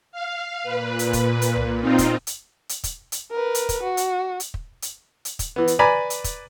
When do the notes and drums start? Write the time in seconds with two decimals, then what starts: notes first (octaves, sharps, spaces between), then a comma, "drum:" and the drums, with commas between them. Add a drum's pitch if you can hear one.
0.12 F5
0.63 A#2 B4
0.99 drum: hi-hat
1.13 drum: kick, hi-hat
1.42 drum: hi-hat
1.56 drum: tom C2
1.80 C4 D#4 F4
1.98 drum: kick, hi-hat
2.27 drum: hi-hat
2.69 drum: hi-hat
2.84 drum: kick, hi-hat
3.12 drum: hi-hat
3.31 A#4 B4
3.55 drum: hi-hat
3.69 drum: kick, hi-hat
3.83 F#4
3.97 drum: hi-hat
4.40 drum: hi-hat
4.54 drum: kick
4.82 drum: hi-hat
5.25 drum: hi-hat
5.39 drum: kick, hi-hat
5.56 E3 B3
5.68 drum: hi-hat
5.79 B4 D5 G#5 A#5 B5
6.10 drum: hi-hat
6.24 drum: kick, hi-hat